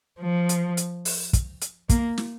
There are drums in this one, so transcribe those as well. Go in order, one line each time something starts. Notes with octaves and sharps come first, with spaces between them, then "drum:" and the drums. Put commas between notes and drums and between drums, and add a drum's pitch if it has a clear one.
F3
drum: hi-hat
drum: hi-hat
drum: open hi-hat
drum: kick, hi-hat
drum: hi-hat
A#3, drum: kick, hi-hat
drum: snare